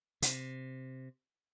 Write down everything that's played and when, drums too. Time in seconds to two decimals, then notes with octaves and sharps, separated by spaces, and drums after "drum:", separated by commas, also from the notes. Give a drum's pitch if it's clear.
0.22 C3, drum: hi-hat